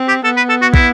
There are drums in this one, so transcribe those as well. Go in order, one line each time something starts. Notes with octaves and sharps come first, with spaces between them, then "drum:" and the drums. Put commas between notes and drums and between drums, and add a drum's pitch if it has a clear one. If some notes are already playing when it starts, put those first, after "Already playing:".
Already playing: C4
G4
B3 A4
B4
A4
F#4
E4, drum: kick